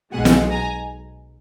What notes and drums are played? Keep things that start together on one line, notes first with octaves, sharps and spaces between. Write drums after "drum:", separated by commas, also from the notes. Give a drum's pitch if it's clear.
B1 B2 G#3 F#5 G#5
drum: snare
G#5 A#5